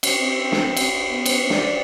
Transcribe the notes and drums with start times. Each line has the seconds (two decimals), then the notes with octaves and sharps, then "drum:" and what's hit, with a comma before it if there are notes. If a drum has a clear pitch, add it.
0.03 drum: cymbal
0.20 C4
0.52 drum: snare
0.77 drum: cymbal
1.09 B3
1.26 drum: cymbal
1.50 D5, drum: snare